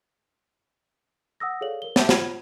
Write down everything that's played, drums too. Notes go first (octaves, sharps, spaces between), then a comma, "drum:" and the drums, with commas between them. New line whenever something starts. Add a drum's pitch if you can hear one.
F#5 D#6 E6 A#6
G#4 A4 C#5 D5 F5 F#7
A#4 G7
E5 A5 G6 A6, drum: snare
F4 C#5 B5 F6 G#6 F7, drum: snare